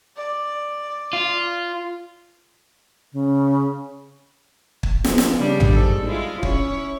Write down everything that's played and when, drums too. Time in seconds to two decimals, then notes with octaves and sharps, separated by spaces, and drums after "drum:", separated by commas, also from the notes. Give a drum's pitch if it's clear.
0.17 D5
1.13 F4
3.13 C#3
4.83 drum: kick
5.04 F3 G#3 B3, drum: snare
5.18 drum: snare
5.38 C#3 G3 D4
5.60 drum: tom A1
5.73 G#2 A4
6.06 G#3 E4 F4
6.43 C#4 E4 C#5, drum: kick